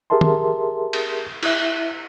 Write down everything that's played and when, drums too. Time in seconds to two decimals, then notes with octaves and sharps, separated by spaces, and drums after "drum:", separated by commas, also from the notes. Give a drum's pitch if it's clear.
0.10 G4 G#4 A#4 E5 A5 C6
0.21 drum: tom
0.93 drum: cymbal
1.43 E4 E5, drum: cymbal